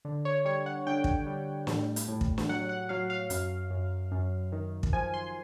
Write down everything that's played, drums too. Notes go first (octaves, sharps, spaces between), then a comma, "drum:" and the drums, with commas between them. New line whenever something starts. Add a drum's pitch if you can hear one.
D3
C#5
G3 C#5
F#5
D3 G5
drum: kick
G3
A2, drum: snare
drum: hi-hat
A2
drum: kick
drum: snare
F#3 F#5
F#5
F#3 F5
F5
F#2, drum: hi-hat
F#2
F#2
D#3
drum: kick
F3 G#5
C6